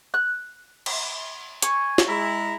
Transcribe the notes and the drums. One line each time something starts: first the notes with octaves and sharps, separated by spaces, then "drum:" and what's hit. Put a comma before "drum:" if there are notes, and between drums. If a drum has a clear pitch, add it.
F#6
drum: cymbal
G#5 C#6, drum: hi-hat
drum: snare
G#3 E4 A#5